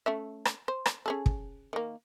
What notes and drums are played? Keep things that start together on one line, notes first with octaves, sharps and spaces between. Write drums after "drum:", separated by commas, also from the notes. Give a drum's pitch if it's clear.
A3 C#4 E5
drum: rim click
C5
drum: rim click
C#4 G#4 A4
drum: kick
D#3 A#3